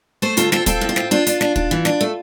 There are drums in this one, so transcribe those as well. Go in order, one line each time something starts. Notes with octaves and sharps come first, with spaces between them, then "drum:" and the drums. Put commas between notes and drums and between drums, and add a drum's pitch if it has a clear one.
A3 A4 C5
D2 F4 A4, drum: hi-hat
C4 F4 A4, drum: snare
C4 F4 A4, drum: kick, hi-hat
A2
F4
C4, drum: snare
D4 F4
D4, drum: hi-hat
D4, drum: snare
D4, drum: kick
E3
D4, drum: snare
A3